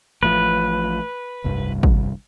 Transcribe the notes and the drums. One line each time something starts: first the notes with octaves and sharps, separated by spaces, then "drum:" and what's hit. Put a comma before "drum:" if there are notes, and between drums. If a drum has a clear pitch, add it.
A1 A2 F3 B4
F1 C2 G2
drum: kick